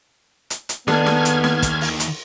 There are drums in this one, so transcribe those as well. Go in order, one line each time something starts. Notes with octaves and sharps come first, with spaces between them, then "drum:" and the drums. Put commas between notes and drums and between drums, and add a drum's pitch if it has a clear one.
drum: hi-hat
drum: hi-hat
D#2 D#3 B3 D4 G#4 A4 F6 G#6, drum: snare
drum: snare
drum: hi-hat
drum: snare
drum: kick, hi-hat
drum: open hi-hat
drum: hi-hat